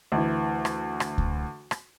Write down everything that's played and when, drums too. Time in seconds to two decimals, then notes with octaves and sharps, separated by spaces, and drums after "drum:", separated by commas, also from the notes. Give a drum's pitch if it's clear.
0.12 D2 E3
0.65 drum: rim click
1.00 drum: rim click
1.18 drum: kick C#2
1.71 drum: rim click